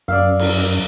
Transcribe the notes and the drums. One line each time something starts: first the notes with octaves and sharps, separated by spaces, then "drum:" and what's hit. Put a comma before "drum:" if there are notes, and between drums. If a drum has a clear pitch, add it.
F#2 D5 E5 F5
drum: cymbal